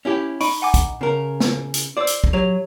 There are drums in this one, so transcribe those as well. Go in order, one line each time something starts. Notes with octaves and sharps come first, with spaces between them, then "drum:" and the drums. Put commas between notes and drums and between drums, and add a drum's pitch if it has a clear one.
C#4 E4 G4
D#4 B5 C#6 D7, drum: open hi-hat
F#5 G#5 D6
drum: kick, hi-hat
C#3 A#4
drum: snare
drum: hi-hat
C5 D5 D6 E6
drum: hi-hat
drum: kick
F#3 G4 C#5 F7